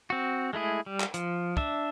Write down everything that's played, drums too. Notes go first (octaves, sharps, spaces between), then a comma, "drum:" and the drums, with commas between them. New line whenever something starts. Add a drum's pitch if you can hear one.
C4 F#4
G#3 A3 E4 G#4
G3
drum: clap
F3, drum: hi-hat
D4 E5, drum: kick